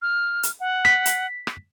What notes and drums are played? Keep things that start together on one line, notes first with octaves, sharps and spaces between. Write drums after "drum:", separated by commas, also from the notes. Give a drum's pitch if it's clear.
F6
drum: hi-hat
F#5
B6, drum: rim click
drum: hi-hat
drum: rim click